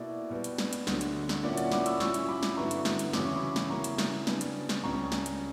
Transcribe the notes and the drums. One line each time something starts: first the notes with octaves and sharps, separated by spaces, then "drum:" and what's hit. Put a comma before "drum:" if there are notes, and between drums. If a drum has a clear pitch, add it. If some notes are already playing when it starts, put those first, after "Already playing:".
Already playing: B2 A#3 E4 D5
B2 G3 B3
drum: hi-hat
drum: snare
drum: hi-hat
D2 D3 F#3, drum: snare
drum: hi-hat
drum: snare
A#2 A#3 C#4 E4 D5 F#5
D5 F#5, drum: hi-hat
B5 D6, drum: snare
C#6 E6, drum: hi-hat
A#2 F#3 C#4 E4 C#6 E6, drum: snare
drum: hi-hat
B5 D6
drum: snare
G2 D3 F#3 B3 E4 A#5 C#6
drum: hi-hat
drum: snare
drum: hi-hat
E2 C#3 F#3 C#4 E4 D6, drum: snare
C#6
B5 D6
drum: snare
C#3 F#3 A#3 E4 A#5 C#6
drum: hi-hat
drum: snare
C#3 G3 B3 D4, drum: snare
drum: hi-hat
drum: snare
C#2 C#3 G3 A#5 C#6
drum: snare
drum: hi-hat